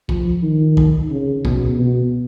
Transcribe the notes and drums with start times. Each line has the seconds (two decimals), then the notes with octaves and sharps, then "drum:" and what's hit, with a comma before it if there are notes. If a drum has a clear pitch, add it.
0.09 F3, drum: kick
0.43 D#3
0.77 drum: kick
1.11 C#3
1.45 B2, drum: kick
1.79 B2